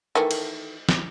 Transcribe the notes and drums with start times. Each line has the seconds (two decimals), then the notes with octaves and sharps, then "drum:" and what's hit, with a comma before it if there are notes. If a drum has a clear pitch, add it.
0.15 D#3 E3 A3
0.31 drum: cymbal
0.89 drum: snare